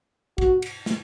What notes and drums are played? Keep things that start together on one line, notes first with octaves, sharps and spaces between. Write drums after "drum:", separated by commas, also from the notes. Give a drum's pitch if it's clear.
F#4, drum: kick
drum: cymbal
drum: snare